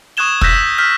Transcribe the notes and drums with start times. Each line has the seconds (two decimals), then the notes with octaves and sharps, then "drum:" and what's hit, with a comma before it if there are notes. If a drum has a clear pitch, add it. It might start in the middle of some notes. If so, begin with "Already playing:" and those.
0.17 C#6 D#6 F#6 G#6 E7 G7
0.42 E6 F#6 G6 A#6 B6 E7, drum: kick
0.78 F6 G6 B6